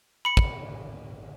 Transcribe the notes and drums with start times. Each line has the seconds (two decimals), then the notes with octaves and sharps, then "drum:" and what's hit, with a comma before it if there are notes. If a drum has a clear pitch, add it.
0.25 B5 C#7
0.37 drum: kick